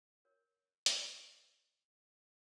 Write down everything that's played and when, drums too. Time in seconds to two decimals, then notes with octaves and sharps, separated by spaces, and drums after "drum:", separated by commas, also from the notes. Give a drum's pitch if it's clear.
0.25 A#4 C#5
0.86 drum: hi-hat